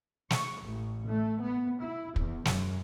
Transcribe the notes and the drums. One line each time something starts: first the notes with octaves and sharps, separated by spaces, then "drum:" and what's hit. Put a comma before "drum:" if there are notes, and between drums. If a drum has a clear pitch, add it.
C#6, drum: snare
A1
A3
B3
E4
E2, drum: kick
F#2, drum: snare